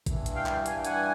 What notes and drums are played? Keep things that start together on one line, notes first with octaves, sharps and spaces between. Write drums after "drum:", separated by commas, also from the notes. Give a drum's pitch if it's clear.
G2 E3, drum: kick A1, hi-hat
drum: hi-hat
F5 G5
drum: clap
G2 E3 G#5, drum: hi-hat
F#5 G#5, drum: hi-hat